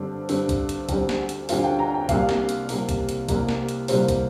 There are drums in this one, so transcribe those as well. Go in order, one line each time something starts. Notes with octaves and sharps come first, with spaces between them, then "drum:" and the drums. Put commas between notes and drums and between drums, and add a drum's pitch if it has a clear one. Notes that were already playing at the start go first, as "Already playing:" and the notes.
Already playing: G2 D3 G3 C4 D4
G2 D3 G3 C4, drum: open hi-hat
drum: kick, hi-hat
drum: hi-hat
D2 D3 G3 C4, drum: kick, hi-hat
drum: snare
drum: hi-hat
D2 D3 G3 C4 F4, drum: open hi-hat
G5
A#5
G5
C2 C3 A#3 F5, drum: kick, hi-hat
drum: snare
drum: hi-hat
C2 C3 A#3, drum: open hi-hat
drum: kick, hi-hat
drum: hi-hat
C2 C3 G3 A#3, drum: kick, hi-hat
drum: snare
drum: hi-hat
C2 C3 G3 A#3 C5, drum: open hi-hat
drum: kick, hi-hat